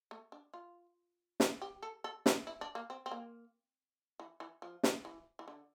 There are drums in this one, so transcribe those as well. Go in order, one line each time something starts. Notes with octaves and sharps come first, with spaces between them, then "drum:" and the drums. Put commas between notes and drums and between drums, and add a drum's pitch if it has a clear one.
A3
D4
F4
drum: snare
G4
A4
A4
E4, drum: snare
E4
D4
A#3
C4
C4
A#3
E3
E3
F3
drum: snare
E3
E3
D3